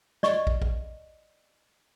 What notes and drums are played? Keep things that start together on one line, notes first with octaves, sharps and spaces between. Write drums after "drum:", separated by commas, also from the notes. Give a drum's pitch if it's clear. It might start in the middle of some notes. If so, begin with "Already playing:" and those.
D5 D#5 C#6, drum: snare
drum: kick
drum: kick